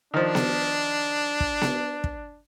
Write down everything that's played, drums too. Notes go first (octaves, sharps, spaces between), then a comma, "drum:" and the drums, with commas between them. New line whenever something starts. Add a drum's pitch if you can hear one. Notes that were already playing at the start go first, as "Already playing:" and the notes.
D#3 F3 D4
drum: snare B3
drum: kick
drum: snare B3
drum: kick